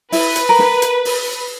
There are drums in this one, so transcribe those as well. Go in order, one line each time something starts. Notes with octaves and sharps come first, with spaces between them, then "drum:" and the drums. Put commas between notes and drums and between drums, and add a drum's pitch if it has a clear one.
E4 B4, drum: open hi-hat
drum: hi-hat
A#4
drum: snare
drum: hi-hat
drum: open hi-hat